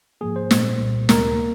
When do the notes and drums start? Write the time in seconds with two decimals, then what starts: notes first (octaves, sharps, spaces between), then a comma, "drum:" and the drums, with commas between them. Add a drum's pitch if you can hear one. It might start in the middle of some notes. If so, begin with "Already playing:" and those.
0.21 G#2 F3 A#3 G#4
0.36 C5
0.51 A#2 G3 A#3, drum: snare
0.80 C2 A#2 G3 A#3
1.09 D2 C3 G3 A#3 A#4, drum: snare
1.39 A#3